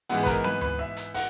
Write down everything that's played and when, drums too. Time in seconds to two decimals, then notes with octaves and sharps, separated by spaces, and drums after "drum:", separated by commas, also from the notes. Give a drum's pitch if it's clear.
0.10 G#2 E3 G#3 B3 E4 F#5, drum: hi-hat
0.23 B4
0.26 A#4, drum: kick, hi-hat
0.44 B4, drum: snare C4
0.61 B4, drum: tom D2
0.79 E5
0.97 drum: hi-hat
1.14 F#5, drum: open hi-hat